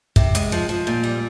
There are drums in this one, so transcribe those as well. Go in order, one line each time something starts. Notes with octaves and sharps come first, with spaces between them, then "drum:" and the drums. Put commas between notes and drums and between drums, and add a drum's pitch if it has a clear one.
C3, drum: kick
G#3, drum: hi-hat
F3
F3
A#2
G3